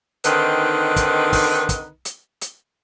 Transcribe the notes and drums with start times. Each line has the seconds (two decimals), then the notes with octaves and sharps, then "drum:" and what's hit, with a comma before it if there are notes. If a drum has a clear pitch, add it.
0.24 D3 D#3 C4 D#4 B4, drum: hi-hat
0.96 drum: kick, hi-hat
1.33 drum: kick, open hi-hat
1.69 drum: kick, hi-hat
2.05 drum: hi-hat
2.41 drum: hi-hat